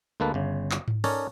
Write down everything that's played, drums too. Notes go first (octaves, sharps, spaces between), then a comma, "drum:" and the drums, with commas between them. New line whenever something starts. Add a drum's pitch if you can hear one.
D2 G#3 A#3 A4 B4
G1 C#3
drum: clap
drum: tom G#2
C#4 D#4 A4 A#4 C#5 D5, drum: open hi-hat